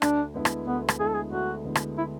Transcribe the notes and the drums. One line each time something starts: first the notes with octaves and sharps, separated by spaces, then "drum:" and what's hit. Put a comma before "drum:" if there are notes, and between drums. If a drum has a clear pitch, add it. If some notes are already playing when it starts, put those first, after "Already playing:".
D2 D4, drum: rim click
D3 G#3 B3 E4
drum: rim click
D2 B3
drum: rim click
D3 G#3 B3 E4 G#4
A4
G#4
D2 F#4
D3 G#3 B3 E4
drum: rim click
E4